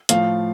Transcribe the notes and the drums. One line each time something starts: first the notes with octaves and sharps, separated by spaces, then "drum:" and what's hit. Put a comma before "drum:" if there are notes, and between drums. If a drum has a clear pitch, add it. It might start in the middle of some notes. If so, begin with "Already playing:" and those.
A2 F3 F5, drum: hi-hat